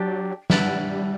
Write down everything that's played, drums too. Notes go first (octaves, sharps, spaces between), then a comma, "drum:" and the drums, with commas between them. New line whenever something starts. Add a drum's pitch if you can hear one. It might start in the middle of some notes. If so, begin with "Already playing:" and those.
Already playing: F#3 D4 G4 A5
G3 E4 B4 F#5 A5, drum: snare